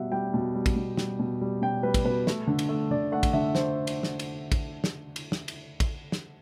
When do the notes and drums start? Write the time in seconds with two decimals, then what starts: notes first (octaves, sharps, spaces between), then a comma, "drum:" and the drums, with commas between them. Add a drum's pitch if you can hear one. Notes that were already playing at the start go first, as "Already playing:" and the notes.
Already playing: B2 G3 E5 F#5
0.12 G3 G5
0.34 B2
0.55 G3
0.66 drum: kick, cymbal
0.76 B2
0.97 G3, drum: snare
1.19 B2
1.41 G3
1.62 B2 G5
1.83 G3 B4
1.94 drum: kick, cymbal
2.05 B2 B4
2.27 A3, drum: snare
2.47 D3
2.59 drum: cymbal
2.69 A3
2.91 D3 D5
3.12 A3 F#5
3.23 drum: kick, cymbal
3.33 D3 E5
3.55 A3 C5, drum: snare
3.87 drum: cymbal
4.03 drum: snare
4.19 drum: cymbal
4.52 drum: kick, cymbal
4.84 drum: snare
5.16 drum: cymbal
5.32 drum: snare
5.48 drum: cymbal
5.80 drum: kick, cymbal
6.12 drum: snare